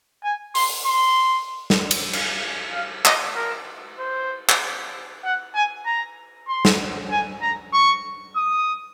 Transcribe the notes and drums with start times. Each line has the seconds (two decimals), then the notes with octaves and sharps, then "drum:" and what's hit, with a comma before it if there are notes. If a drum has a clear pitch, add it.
0.24 G#5
0.55 C6, drum: open hi-hat
0.86 C6
1.70 drum: snare
1.91 drum: cymbal
2.13 drum: cymbal
2.73 F5
3.05 D#5, drum: clap
3.36 A#4
3.99 C5
4.49 drum: clap
5.24 F#5
5.55 G#5
5.86 A#5
6.48 C6
6.65 drum: snare
7.11 G#5
7.42 A#5
7.73 C#6
8.36 D#6